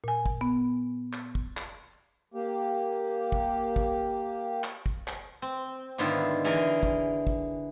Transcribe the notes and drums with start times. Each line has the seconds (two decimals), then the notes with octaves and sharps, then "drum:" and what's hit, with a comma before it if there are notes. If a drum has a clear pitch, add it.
0.04 A#2 G#5
0.26 drum: kick
0.41 B3
1.13 drum: clap
1.35 drum: kick
1.57 drum: clap
2.34 A#3 G4
3.32 drum: kick
3.76 drum: kick
4.64 drum: clap
4.86 drum: kick
5.08 drum: clap
5.42 C4
5.98 G#2 D3 D#3 B3 E4 F4
6.44 D3 E3 G#4 A#4 G#5
6.83 drum: kick
7.27 drum: kick